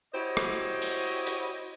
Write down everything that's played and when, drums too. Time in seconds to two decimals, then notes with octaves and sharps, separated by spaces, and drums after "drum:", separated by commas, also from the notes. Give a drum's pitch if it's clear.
0.14 E4 F#4 G4 C5 C#5 D#5
0.37 drum: rim click
0.82 drum: open hi-hat
1.27 drum: hi-hat